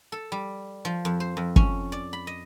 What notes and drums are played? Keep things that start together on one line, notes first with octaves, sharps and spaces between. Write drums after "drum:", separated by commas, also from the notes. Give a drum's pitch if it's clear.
A4
G3
F3
F2
C5
F2
C#4, drum: kick
D5
B5
D#5